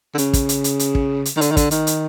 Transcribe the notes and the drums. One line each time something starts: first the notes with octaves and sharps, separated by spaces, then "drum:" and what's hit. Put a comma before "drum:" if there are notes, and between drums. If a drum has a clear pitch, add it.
D3
C#3, drum: hi-hat
drum: kick, hi-hat
drum: hi-hat
drum: hi-hat
drum: hi-hat
drum: kick
drum: hi-hat
D#3
D3, drum: hi-hat
D#3
D3, drum: kick, hi-hat
D#3, drum: hi-hat
drum: hi-hat